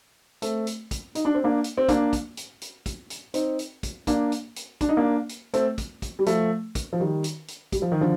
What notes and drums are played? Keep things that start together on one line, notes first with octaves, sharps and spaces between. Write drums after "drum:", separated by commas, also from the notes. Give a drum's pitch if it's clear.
A3 C4, drum: hi-hat
drum: hi-hat
drum: kick, hi-hat
D#4, drum: hi-hat
D4
C4
A#3 D4
drum: hi-hat
C4
A#3 D4, drum: kick, hi-hat
drum: kick, hi-hat
drum: hi-hat
drum: hi-hat
drum: kick, hi-hat
drum: hi-hat
C4 D#4, drum: hi-hat
drum: hi-hat
drum: kick, hi-hat
A#3 D4, drum: kick, hi-hat
drum: hi-hat
drum: hi-hat
D4, drum: kick, hi-hat
D#4
A#3 D4
drum: hi-hat
A3 C4, drum: hi-hat
drum: kick, hi-hat
drum: kick, hi-hat
G3
F3 A3, drum: hi-hat
drum: kick, hi-hat
F3
D#3 G3
drum: hi-hat
drum: hi-hat
G3, drum: kick, hi-hat
F3
D#3
D3 F3